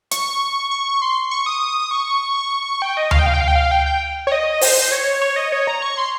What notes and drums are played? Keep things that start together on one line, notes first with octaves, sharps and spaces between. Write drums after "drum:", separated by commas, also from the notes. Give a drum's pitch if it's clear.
C#6, drum: hi-hat
C#6
C6
C#6
D#6
C#6
G5
D#5
F5, drum: tom D2
G5
F5
G5
F5
G5
F5
G5
G5
C#5
D#5
C5, drum: open hi-hat
C#5
C#5
D#5
C#5
A#5
C#6
C6